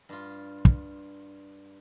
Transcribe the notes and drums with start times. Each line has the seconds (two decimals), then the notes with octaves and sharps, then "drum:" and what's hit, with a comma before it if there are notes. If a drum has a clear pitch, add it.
0.09 G2 F4
0.65 drum: kick